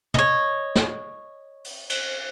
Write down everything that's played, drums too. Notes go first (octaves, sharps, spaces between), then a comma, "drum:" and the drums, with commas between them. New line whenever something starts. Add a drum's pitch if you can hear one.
C#5 D#5, drum: tom
drum: snare
drum: open hi-hat
drum: cymbal